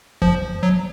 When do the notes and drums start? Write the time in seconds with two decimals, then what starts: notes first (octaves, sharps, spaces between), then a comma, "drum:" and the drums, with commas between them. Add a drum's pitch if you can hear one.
0.22 F3, drum: kick F2
0.63 F#3